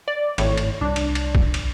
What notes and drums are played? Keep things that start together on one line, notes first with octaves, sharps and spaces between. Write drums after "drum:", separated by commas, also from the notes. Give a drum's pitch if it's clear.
D5
G#1 A2 C#5, drum: cymbal
drum: cymbal
C2 D4
drum: cymbal
drum: cymbal
drum: kick
drum: cymbal